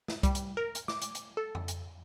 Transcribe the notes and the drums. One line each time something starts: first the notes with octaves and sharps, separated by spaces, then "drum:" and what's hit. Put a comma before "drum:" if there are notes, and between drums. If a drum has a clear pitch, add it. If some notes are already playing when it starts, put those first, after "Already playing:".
drum: snare
G3, drum: kick C2, hi-hat
drum: hi-hat
A#4
drum: hi-hat
D6, drum: snare
drum: hi-hat
drum: hi-hat
A4
drum: tom F2
drum: hi-hat